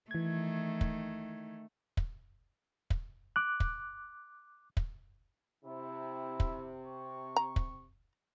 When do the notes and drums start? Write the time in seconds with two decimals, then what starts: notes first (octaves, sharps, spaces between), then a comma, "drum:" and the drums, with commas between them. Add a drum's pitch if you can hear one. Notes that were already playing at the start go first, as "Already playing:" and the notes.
0.11 D#3 E3 A3 G#6
0.81 drum: kick
1.97 drum: kick
2.90 drum: kick
3.36 D6 F#6
3.60 drum: kick
4.77 drum: kick
5.64 C3 E4
6.40 drum: kick
6.86 C#6
7.36 A#5
7.56 drum: kick